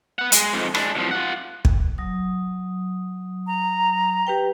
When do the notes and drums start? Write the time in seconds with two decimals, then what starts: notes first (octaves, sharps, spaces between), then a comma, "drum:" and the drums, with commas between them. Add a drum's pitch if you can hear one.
0.19 B4 F#5
0.32 G#3, drum: hi-hat
0.53 F2 G#2
0.75 G#3 D4, drum: rim click
0.95 C2 F3
1.11 F4 F#5
1.65 drum: kick
1.98 F#3 D#6
3.47 A#5
4.27 G4 B4 G5